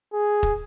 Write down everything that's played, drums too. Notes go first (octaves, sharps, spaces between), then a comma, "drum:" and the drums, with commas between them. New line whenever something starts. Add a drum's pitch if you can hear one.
G#4
drum: kick